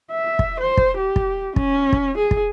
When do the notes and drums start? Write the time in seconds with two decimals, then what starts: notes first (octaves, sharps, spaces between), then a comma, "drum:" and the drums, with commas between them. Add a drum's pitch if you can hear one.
0.11 E5
0.39 drum: kick
0.60 C5
0.77 drum: kick
0.97 G4
1.16 drum: kick
1.56 C#4, drum: kick
1.93 drum: kick
2.17 G#4
2.31 drum: kick